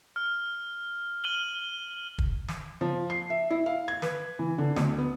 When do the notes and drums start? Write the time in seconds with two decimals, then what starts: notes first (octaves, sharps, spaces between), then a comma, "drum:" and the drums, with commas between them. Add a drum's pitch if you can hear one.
0.16 F6
1.24 F6 D#7 F#7 G7
2.18 drum: kick
2.48 drum: snare
2.81 F3
3.10 C7
3.30 E5
3.50 E4
3.66 F5
3.88 G#6
4.02 B4, drum: snare
4.39 E3
4.58 D3
4.76 D2, drum: snare
4.98 B3